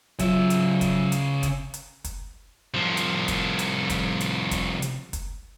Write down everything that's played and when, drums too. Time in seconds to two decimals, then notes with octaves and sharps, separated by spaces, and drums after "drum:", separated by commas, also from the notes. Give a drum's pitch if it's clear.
0.19 C#3 F#3 F4 E5, drum: kick, hi-hat
0.50 drum: hi-hat
0.81 drum: kick, hi-hat
1.12 drum: hi-hat
1.43 drum: kick, hi-hat
1.74 drum: hi-hat
2.04 drum: kick, hi-hat
2.74 C2 F3
2.97 drum: hi-hat
3.28 drum: kick, hi-hat
3.59 drum: hi-hat
3.90 drum: kick, hi-hat
4.20 drum: hi-hat
4.51 drum: kick, hi-hat
4.82 drum: hi-hat
5.13 drum: kick, hi-hat